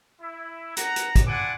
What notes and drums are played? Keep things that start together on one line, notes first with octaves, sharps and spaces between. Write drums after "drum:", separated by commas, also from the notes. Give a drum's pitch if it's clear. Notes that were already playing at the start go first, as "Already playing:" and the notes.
E4
F#5 A#5, drum: hi-hat
drum: hi-hat
drum: kick, hi-hat
D4 E4 F4 F#5 G#5 D6